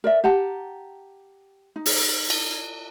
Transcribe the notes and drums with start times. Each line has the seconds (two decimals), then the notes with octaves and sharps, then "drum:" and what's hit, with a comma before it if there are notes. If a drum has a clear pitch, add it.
0.04 A#4 D5 E5
0.24 G4 F#5 A5 A#5
1.76 D#4
1.86 drum: open hi-hat
2.30 drum: cymbal